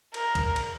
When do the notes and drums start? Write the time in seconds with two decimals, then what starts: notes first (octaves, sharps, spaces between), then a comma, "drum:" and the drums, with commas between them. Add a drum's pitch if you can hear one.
0.14 A#4, drum: cymbal
0.35 drum: kick B1, cymbal
0.56 drum: cymbal